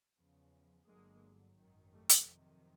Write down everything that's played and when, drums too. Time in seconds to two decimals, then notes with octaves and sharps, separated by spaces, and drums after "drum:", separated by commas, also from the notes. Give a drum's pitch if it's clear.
0.17 E2 C#3 F3
0.87 G1 G2 D3 F#3 G#3 A#3
1.57 G#1 F#2 D#3 F#3
1.92 G3 A3
2.09 drum: hi-hat
2.27 F2 C3 D#3 F#3